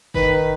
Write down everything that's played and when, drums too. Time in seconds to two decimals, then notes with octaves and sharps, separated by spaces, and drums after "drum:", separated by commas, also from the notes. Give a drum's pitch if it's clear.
0.14 D#3 B4, drum: kick F#1